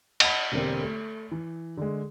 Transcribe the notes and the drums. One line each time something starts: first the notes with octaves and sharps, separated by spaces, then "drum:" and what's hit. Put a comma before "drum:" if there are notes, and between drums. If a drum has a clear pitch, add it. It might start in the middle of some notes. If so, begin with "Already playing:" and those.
D#5 F#5 A5 B5, drum: cymbal
E1 D3 A#3 C4 G4
A3
E3
D3 G#3